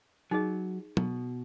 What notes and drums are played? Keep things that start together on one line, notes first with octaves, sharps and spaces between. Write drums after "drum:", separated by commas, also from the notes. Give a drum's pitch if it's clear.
F#3 D#4 G#4 D#5
B2, drum: tom